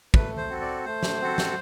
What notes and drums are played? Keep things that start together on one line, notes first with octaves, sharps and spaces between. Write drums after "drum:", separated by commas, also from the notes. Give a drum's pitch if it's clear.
A3 B4, drum: kick
C5
C4 F#4 A4
D5
A3 C5
drum: snare
C4 F#4 A4
drum: snare